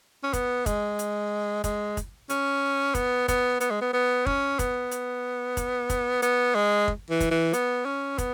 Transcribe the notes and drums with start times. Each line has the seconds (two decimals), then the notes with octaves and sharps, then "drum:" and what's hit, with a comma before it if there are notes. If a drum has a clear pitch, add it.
0.24 C#4
0.33 B3, drum: kick, hi-hat
0.66 G#3, drum: kick, hi-hat
0.99 drum: hi-hat
1.64 G#3, drum: kick, hi-hat
1.97 drum: kick, hi-hat
2.30 C#4, drum: hi-hat
2.95 B3, drum: kick, hi-hat
3.28 B3, drum: kick, hi-hat
3.61 B3, drum: hi-hat
3.71 G#3
3.81 B3
3.93 B3
4.26 C#4, drum: kick
4.59 B3, drum: kick, hi-hat
4.92 drum: hi-hat
5.57 drum: kick, hi-hat
5.90 drum: kick, hi-hat
6.22 B3, drum: hi-hat
6.55 G#3
6.88 drum: kick
7.10 E3
7.20 drum: kick, hi-hat
7.31 E3
7.53 B3, drum: hi-hat
7.86 C#4
8.18 B3, drum: kick, hi-hat